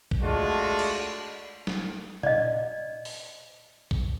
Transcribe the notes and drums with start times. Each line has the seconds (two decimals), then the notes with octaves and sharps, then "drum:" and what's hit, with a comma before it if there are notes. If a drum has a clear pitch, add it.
0.11 drum: kick B1
0.21 G#3 A3 D4 F4 F#4
0.79 drum: cymbal
1.67 drum: snare G3
2.23 D5 D#5, drum: tom A#2
3.05 drum: open hi-hat
3.91 drum: kick B1